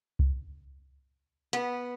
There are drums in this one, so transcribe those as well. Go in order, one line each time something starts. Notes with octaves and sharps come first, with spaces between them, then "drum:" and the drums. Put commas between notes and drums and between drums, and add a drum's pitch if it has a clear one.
drum: kick C2
B3, drum: hi-hat